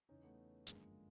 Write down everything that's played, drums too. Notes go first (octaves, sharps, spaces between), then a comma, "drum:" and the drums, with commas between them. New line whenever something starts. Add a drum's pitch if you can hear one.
E2 C#3 E3 C#4 D#4
A3 B3
G1 F#2 D3 F3 G#3 A#3, drum: hi-hat